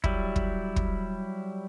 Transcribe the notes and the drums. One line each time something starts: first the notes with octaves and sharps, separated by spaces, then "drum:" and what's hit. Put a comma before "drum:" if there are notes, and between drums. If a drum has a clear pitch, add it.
F#3 G3 E4, drum: kick
drum: kick
drum: kick